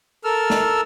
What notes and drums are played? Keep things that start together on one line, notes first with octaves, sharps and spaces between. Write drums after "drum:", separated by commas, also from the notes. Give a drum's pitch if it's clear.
A4 A#4 E6 F6
drum: snare